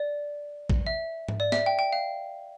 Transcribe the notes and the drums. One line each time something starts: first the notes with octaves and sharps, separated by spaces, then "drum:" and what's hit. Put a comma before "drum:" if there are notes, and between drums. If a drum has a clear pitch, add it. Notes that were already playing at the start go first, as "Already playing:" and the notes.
Already playing: D5
drum: kick A1
E5
drum: tom G#2
D5
E5, drum: snare
G5
G5
F5